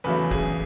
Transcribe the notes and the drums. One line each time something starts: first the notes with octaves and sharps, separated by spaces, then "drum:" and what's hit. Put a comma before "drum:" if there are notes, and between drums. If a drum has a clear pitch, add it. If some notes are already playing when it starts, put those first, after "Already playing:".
E2 C#3 F#3 A3 B4
G#4, drum: kick F#1